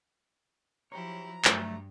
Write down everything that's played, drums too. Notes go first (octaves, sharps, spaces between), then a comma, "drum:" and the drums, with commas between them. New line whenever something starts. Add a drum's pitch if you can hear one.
F3 F#3 E4 G4 C#5 A#5
G2 D3 F#3 A3, drum: clap